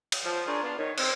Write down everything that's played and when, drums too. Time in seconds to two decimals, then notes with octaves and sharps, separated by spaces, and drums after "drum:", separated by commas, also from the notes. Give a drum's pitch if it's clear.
0.12 drum: cymbal
0.24 F3
0.46 D4 F4 G#4 A#4 C#5
0.63 B3 D4 F4
0.78 D#3 C#5
0.98 C4, drum: cymbal